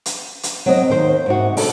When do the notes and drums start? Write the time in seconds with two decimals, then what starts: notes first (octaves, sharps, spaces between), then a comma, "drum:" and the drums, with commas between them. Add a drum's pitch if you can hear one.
0.06 drum: hi-hat
0.43 drum: hi-hat
0.66 F#3 C4 D#5
0.88 D#2 D#3 C5
1.26 G#2 C3 F#4
1.57 D4 A4, drum: open hi-hat